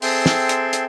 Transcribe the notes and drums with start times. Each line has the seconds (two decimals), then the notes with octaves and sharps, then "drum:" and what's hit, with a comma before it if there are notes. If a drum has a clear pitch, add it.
0.02 C4 G#4 A4 E5 G5 C6, drum: open hi-hat
0.26 drum: snare
0.49 drum: hi-hat
0.73 drum: hi-hat